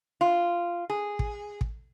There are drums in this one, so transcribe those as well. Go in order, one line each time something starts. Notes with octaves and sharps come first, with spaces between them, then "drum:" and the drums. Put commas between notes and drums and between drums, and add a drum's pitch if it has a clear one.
F4
G#4
drum: kick
drum: kick